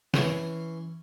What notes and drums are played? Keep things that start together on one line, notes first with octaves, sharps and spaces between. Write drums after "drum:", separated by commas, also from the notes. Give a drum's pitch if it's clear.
E3 C#4 C6, drum: snare